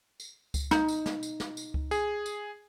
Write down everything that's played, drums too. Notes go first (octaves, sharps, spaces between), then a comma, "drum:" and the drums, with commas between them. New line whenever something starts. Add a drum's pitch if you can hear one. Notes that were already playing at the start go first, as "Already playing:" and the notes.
drum: tambourine
drum: kick C#2, tambourine
D#4, drum: snare
drum: tambourine
drum: snare
drum: tambourine
drum: snare
drum: tambourine
drum: kick C#2
G#4, drum: tambourine
drum: tambourine